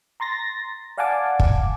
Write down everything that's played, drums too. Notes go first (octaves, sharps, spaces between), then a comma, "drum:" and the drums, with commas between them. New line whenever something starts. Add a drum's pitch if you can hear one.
A#5 C6 A6 A#6
D5 F5 F#5 G#5 A5 D6
drum: kick